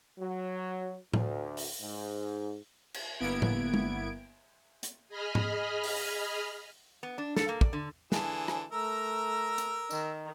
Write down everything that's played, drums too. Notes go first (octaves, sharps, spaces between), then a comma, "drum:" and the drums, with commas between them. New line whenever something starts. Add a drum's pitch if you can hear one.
F#3
D2, drum: tom A2
drum: open hi-hat
G#2
drum: cymbal
G1 A#3 B3 E4 G#6 D7
drum: tom A2
drum: tom G#3
drum: hi-hat
G#4 D#5 B5 F6
drum: tom G#2
drum: open hi-hat
B3
D4
A4, drum: snare
A#3
D5, drum: kick
D3
D3 E3 G#4 A5, drum: snare
drum: rim click
A3 A#4 A#5 E6
drum: hi-hat
D#3, drum: tambourine